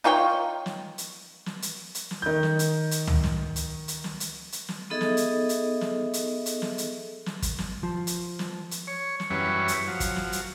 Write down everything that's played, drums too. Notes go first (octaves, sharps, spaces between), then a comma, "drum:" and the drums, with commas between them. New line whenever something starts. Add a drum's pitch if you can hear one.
D#4 F4 C#5 G5
drum: snare
drum: hi-hat
drum: snare
drum: hi-hat
drum: hi-hat
drum: snare
D#3 G6
drum: snare
drum: hi-hat
drum: hi-hat
drum: tom C#2
drum: snare
drum: hi-hat
drum: hi-hat
drum: snare
drum: hi-hat
drum: hi-hat
drum: snare
B3 D#4 G#4 A4 D#5 E5
drum: snare
drum: hi-hat
drum: hi-hat
drum: snare
drum: hi-hat
drum: hi-hat
drum: snare
drum: hi-hat
drum: snare
drum: kick, hi-hat
drum: snare
F3
drum: hi-hat
drum: snare
drum: hi-hat
C#5
drum: snare
F#2 E3 G3 C#4 B4 C#5
drum: hi-hat
F3 F#3
drum: kick, hi-hat
drum: snare
drum: hi-hat